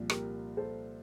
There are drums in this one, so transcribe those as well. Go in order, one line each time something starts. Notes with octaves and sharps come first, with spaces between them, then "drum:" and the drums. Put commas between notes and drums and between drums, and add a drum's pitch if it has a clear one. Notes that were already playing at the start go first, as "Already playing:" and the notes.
Already playing: C2 A#2 F3
G4 A#4, drum: rim click
A4 C5